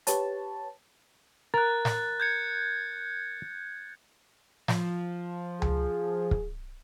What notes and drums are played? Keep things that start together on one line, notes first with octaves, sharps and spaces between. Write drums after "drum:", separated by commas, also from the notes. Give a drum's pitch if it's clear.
G4 B4 C#5 A5, drum: hi-hat
A#4 F#6 A6
drum: snare
G6 G#6 C#7
F3, drum: snare
G#4, drum: tom C#2
drum: kick